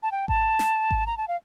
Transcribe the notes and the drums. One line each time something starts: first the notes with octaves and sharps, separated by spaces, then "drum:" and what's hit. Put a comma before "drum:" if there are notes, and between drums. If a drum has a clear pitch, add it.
A5
G5
A5, drum: kick G#1
drum: snare
drum: kick G#1
A#5
A5
F5